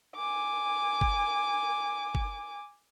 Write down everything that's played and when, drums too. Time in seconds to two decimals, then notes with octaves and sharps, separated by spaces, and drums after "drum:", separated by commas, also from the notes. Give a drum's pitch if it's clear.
0.16 G#5 D6
1.01 drum: kick
2.15 drum: kick